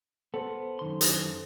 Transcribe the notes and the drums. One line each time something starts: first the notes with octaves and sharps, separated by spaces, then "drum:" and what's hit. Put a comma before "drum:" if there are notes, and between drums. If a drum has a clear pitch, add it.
B3 A4 C5
F#2 D#3 C6
drum: hi-hat